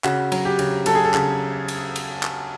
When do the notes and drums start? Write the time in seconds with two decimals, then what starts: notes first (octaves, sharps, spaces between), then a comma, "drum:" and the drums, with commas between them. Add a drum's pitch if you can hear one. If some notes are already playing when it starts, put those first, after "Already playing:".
0.04 C#3 F#4, drum: clap
0.32 F#3, drum: cymbal
0.45 G4
0.59 C#3, drum: cymbal
0.86 F#3 A4, drum: cymbal
0.95 G#4
1.05 A4
1.14 C#3, drum: clap
1.68 drum: cymbal
1.96 drum: cymbal
2.23 drum: clap